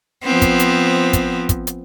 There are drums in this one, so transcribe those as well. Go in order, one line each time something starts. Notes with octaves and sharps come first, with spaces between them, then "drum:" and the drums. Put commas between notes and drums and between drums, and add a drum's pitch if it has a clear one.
F3 B3 C4
drum: kick, hi-hat
drum: hi-hat
drum: kick, hi-hat
drum: kick, hi-hat
drum: hi-hat